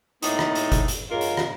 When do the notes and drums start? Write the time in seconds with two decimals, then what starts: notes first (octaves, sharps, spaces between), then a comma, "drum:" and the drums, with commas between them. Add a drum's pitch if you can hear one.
0.22 A2 A#3 B3 D#4, drum: hi-hat
0.39 drum: rim click
0.55 drum: hi-hat
0.72 drum: kick G1, hi-hat
0.88 drum: hi-hat
1.11 C#3 F#3 G#3 F4 A#4
1.21 drum: hi-hat
1.37 drum: rim click